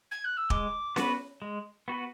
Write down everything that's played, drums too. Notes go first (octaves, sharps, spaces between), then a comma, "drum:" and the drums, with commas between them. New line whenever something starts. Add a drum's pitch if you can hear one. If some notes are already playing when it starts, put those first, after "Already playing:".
G#6
F#6
E6
G#3 D6, drum: kick
B3 F#4 B4, drum: snare C#4
G#3
B3 F#4 B4